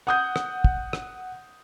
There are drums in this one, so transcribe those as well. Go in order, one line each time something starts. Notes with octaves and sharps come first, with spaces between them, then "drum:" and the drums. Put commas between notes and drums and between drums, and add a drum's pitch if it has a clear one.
F#5 D#6 G6
drum: rim click
drum: kick
drum: rim click